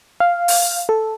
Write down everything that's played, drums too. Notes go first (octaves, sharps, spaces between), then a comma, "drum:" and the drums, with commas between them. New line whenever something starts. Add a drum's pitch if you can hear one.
F5
drum: open hi-hat
A4